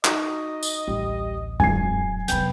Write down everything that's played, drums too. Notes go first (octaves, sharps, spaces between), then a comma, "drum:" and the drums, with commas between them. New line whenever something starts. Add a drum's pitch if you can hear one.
D#4 F#4 D#5, drum: clap
drum: tambourine
A1 D2 G3
D#1 F#3 G#5 G#6 C7, drum: tom F#2
F1 F#3 B3 G5 B5, drum: hi-hat